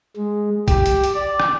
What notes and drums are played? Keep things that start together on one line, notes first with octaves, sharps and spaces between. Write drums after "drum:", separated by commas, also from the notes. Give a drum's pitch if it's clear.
G#3
G4, drum: kick, hi-hat
drum: hi-hat
drum: hi-hat
D5
drum: rim click